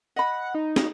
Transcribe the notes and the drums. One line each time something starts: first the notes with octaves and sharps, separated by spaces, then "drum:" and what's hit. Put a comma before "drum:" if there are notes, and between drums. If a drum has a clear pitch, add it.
D#5 F#5 B5
D#4
F#4, drum: snare